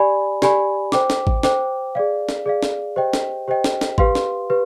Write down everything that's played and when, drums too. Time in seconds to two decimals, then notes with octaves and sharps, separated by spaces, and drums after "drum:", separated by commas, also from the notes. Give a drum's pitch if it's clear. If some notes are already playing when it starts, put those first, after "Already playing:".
Already playing: G4 D5 G#5 B5
0.42 G4 D5 G#5 B5, drum: snare
0.92 C5 G5 D6, drum: snare
1.10 drum: snare
1.27 drum: kick
1.43 C5 G5 D6, drum: snare
1.95 G#4 D5 F5
2.29 drum: snare
2.46 G#4 D5 F5
2.63 drum: snare
2.96 G4 C5 D#5 G5
3.13 drum: snare
3.48 G4 C5 D#5 G5
3.64 drum: snare
3.81 drum: snare
3.98 G4 B4 F5 C6, drum: kick
4.15 drum: snare
4.50 G4 B4